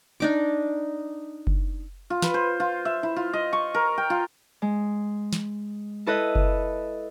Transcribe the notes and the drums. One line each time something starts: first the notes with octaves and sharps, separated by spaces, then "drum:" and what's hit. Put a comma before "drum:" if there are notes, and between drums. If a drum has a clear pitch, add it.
D4 D#4 D6
drum: kick F#1
F4
B4, drum: snare
C5
F4
E5
E4
F4
D#5
C#6
A#4
G5
F4
G#3
drum: snare
E4 A4 B4 D#5
drum: kick F#1